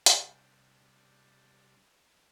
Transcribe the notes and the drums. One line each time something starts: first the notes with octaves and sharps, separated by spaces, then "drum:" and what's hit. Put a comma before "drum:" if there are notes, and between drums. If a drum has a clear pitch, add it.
C3 G3 D4, drum: hi-hat